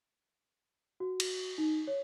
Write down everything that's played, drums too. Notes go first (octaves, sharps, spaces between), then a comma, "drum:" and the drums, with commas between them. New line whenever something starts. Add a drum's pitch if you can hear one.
F#4
drum: cymbal
D#4
C#5